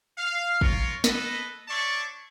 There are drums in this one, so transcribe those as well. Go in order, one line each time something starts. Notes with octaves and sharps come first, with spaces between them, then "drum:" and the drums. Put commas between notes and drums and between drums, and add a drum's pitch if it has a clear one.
F5
F4 A#4 C#5, drum: kick
A4 B4 D#5, drum: snare
D4 C#5 D5 E5 A5 C#6